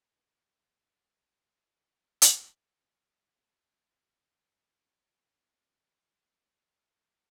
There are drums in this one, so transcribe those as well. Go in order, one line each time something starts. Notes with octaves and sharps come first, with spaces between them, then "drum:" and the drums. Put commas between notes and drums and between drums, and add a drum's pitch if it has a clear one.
D2 D#3 B4 G#6 A#6 D7
B3 E4
drum: hi-hat
D#2 C#4 F4
E5 F5
G#2 F#3
C4 C#4 F4 C#5
A#5